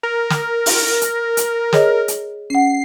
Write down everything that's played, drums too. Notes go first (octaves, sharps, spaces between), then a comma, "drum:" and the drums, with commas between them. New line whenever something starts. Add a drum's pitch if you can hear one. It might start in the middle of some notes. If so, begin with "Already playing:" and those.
A#4
drum: snare
drum: open hi-hat
drum: hi-hat
drum: hi-hat
G#4 C#5 D#5, drum: snare
drum: hi-hat
C#4 F#5 C7